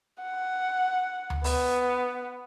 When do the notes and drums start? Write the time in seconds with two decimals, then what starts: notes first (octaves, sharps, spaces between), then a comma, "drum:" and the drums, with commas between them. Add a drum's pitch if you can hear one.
0.23 F#5
1.30 drum: tom D2
1.44 B3, drum: open hi-hat